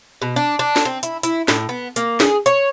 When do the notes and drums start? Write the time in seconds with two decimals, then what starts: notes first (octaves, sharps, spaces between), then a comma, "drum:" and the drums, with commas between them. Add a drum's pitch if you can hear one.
0.22 B2
0.36 D4
0.59 D4
0.76 drum: snare
0.85 C4
1.03 E4, drum: hi-hat
1.23 E4, drum: hi-hat
1.48 A2, drum: snare
1.69 B3
1.96 A#3, drum: hi-hat
2.20 G#4, drum: snare
2.46 C#5, drum: hi-hat